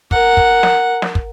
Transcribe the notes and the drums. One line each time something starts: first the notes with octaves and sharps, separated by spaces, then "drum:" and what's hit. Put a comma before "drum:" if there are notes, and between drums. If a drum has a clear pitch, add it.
A#4 F#5, drum: kick
drum: kick
drum: snare
drum: snare
drum: kick